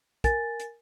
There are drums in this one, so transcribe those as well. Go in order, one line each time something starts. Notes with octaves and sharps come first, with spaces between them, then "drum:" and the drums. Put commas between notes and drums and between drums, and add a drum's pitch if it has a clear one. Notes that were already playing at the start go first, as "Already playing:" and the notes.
A#4 G#5 A6, drum: kick, hi-hat
drum: hi-hat